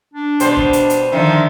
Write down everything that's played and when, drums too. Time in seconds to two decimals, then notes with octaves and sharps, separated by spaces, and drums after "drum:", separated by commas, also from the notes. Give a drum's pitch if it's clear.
0.14 D4
0.40 B2 G3 C5, drum: hi-hat
0.56 drum: kick
0.73 drum: hi-hat
0.90 drum: hi-hat
1.12 D3 D#3 F3 E5